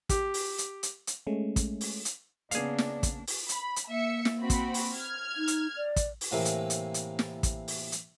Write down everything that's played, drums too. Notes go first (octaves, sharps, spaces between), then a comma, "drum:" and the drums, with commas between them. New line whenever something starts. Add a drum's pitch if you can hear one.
G4, drum: kick, hi-hat
drum: open hi-hat
drum: hi-hat
drum: hi-hat
drum: hi-hat
G#3 A3 C#4
drum: kick, hi-hat
drum: open hi-hat
drum: hi-hat
C#3 A#3 B3 D4 G#4 D5 F5, drum: hi-hat
drum: snare
drum: kick, hi-hat
drum: open hi-hat
B5, drum: hi-hat
drum: hi-hat
A#3 E5 C#7
drum: snare
C4 F#4 B5
drum: kick, hi-hat
drum: open hi-hat
F6 G#6
D#4
drum: hi-hat
D5
drum: kick, hi-hat
drum: open hi-hat
A2 C3 E3 A#3 E4
drum: hi-hat
drum: hi-hat
drum: hi-hat
drum: snare
drum: kick, hi-hat
drum: open hi-hat
drum: hi-hat